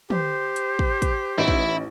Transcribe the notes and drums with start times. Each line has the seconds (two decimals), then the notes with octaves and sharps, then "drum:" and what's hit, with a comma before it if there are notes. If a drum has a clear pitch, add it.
0.10 G4 C5, drum: tom
0.56 drum: hi-hat
0.79 drum: kick
1.02 drum: kick, hi-hat
1.38 A1 D#4 E4 D7
1.48 drum: kick